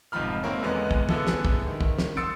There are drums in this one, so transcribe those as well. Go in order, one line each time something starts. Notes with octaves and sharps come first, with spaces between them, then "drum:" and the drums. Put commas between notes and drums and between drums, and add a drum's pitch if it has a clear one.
F1 G#2 F3 F4 B5 F6
G#3 A#3 C4 E4 A#4 C#5
E2 D3 G#3 B3
drum: kick
D3 B3 E4 G#4 A4, drum: tom
drum: snare
drum: kick
D#3
drum: kick
drum: snare
C6 D#6 E6 A6 C#7 D7